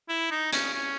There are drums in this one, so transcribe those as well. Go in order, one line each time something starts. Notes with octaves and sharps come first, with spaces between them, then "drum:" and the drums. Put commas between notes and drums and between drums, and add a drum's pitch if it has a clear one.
E4
D#4
C#4, drum: hi-hat
C#4